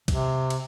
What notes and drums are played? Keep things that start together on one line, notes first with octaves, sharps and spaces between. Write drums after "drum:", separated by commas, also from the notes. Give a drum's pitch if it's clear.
C3, drum: kick B1, cymbal
drum: cymbal